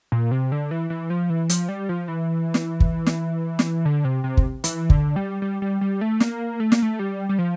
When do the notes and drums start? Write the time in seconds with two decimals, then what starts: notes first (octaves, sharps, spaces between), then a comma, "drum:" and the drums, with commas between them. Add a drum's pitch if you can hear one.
0.12 A#2
0.31 C3
0.52 D3
0.71 E3
0.90 E3
1.10 F3
1.30 E3
1.49 F3, drum: hi-hat
1.69 G3
1.89 F3
2.08 E3
2.54 drum: snare
2.80 drum: kick
3.07 drum: snare
3.59 drum: snare
3.85 D3
4.05 C3
4.24 C3
4.37 drum: kick
4.64 E3, drum: hi-hat
4.90 D3, drum: kick
5.16 G3
5.42 G3
5.62 G3
5.81 G3
6.01 A3
6.20 A#3, drum: snare
6.60 A3
6.72 A#3, drum: snare
6.82 A3
6.99 G3
7.29 G3
7.39 F3